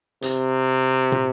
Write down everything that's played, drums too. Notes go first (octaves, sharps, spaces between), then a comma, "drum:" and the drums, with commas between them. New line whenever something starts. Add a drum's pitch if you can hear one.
C3, drum: hi-hat
drum: tom